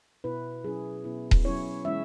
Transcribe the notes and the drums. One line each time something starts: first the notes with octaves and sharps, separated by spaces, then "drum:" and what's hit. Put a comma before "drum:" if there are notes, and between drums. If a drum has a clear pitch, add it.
B2 B3 E4 B4
F#3 C#4 E4 G#4
B2 B3 E4
drum: kick D#1
F#3 C#4 E4 C#5
E3 G#3 C#4 E4 E5